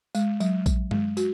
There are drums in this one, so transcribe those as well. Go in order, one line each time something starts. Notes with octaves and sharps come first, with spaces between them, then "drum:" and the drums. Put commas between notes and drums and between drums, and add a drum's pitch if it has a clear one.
G#3, drum: tambourine
F#3, drum: tambourine
drum: kick A#1, tambourine
G#3, drum: tom G2
F#4, drum: tambourine